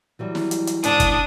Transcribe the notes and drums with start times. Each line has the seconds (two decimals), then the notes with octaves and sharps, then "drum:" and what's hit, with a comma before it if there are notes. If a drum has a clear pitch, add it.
0.19 E3 F#3 G3
0.35 drum: snare
0.51 drum: hi-hat
0.67 drum: hi-hat
0.84 E2 G#2 D3 D4 D#6, drum: hi-hat
1.00 drum: kick, hi-hat